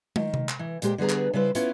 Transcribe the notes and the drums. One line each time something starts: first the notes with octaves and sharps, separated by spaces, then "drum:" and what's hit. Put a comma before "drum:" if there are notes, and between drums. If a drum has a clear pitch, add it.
D#3, drum: tom
drum: tom C3
drum: clap
E3
A#2 G#3 G4 C5, drum: hi-hat
D3 G3 B3 G#4 A#5
drum: clap
C#3 G3 E4 B4 C5
B3 C#4 E4 F4, drum: hi-hat